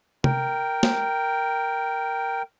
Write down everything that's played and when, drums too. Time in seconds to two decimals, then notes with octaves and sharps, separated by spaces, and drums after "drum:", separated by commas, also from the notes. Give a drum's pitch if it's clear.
0.24 A#4 G5, drum: tom C3
0.83 drum: snare